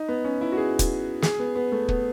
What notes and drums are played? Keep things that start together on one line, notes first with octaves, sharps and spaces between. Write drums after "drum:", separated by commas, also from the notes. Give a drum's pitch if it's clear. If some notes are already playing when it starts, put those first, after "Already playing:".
Already playing: D#4
B3
C#4
E4
F#4
G#4
drum: kick, hi-hat
G#4, drum: snare
B3
B3
A3
B3, drum: kick